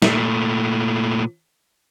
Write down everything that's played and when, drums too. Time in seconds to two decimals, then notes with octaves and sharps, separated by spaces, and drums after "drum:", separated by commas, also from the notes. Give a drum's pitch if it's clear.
0.02 A#2 A3, drum: snare